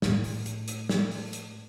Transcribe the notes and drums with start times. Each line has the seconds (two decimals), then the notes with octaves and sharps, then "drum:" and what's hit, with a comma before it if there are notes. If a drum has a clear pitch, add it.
0.02 A2 A3, drum: snare
0.24 drum: open hi-hat
0.46 drum: hi-hat
0.68 drum: hi-hat
0.89 drum: snare
1.11 drum: open hi-hat
1.33 drum: hi-hat